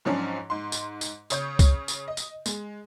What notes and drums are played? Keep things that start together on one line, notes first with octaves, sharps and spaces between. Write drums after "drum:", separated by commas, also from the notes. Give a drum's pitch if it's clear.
G#2 F3 F#3 C#4 D4
G#2 C6
drum: tambourine
drum: tambourine
C#3 C#5 G6, drum: tambourine
drum: kick, tambourine
drum: tambourine
D#5
drum: tambourine
G#3, drum: tambourine